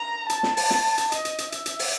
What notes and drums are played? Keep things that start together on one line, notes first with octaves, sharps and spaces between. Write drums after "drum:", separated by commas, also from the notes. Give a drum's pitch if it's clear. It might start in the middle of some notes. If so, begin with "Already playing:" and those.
Already playing: A#5
A5, drum: hi-hat
drum: snare
drum: open hi-hat
drum: snare
drum: hi-hat
D#5, drum: hi-hat
drum: hi-hat
drum: hi-hat
E5, drum: hi-hat
drum: hi-hat
drum: open hi-hat